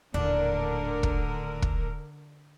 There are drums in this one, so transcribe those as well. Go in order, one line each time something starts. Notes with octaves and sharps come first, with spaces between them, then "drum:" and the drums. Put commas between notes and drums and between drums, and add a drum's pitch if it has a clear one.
D#1 A2 D3 D4 A#4
drum: kick
drum: kick